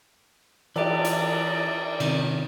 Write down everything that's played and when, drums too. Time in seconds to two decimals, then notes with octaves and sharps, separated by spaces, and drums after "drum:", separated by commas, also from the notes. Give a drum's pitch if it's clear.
0.76 E3 G4 D5, drum: cymbal
1.05 drum: hi-hat
2.00 C3 D#3 C#4, drum: cymbal